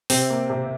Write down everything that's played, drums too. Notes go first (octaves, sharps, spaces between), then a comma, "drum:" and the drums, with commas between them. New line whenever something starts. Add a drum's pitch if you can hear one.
C3 C4, drum: open hi-hat
A#3
C3